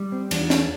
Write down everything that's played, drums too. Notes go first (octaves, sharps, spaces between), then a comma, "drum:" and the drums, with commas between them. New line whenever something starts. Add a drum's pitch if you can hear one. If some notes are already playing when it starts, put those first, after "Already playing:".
Already playing: G3
C4
E2 D4, drum: cymbal
drum: snare